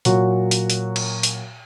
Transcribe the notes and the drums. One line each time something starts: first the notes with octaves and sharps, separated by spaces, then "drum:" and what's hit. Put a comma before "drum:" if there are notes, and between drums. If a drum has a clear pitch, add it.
A#2 F#3 F#4, drum: hi-hat
drum: hi-hat
drum: hi-hat
drum: cymbal
drum: hi-hat